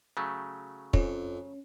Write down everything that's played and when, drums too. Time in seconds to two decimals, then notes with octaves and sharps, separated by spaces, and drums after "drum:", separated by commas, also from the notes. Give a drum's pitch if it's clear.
0.17 C#3 F#3 A3
0.94 F2 C#4, drum: kick